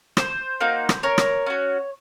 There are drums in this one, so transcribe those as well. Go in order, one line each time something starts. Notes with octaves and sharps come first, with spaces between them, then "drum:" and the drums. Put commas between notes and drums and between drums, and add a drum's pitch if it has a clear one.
C5, drum: rim click
A#3 D#4 F#4
drum: rim click
A#4 C#5
drum: rim click
C#4 F#4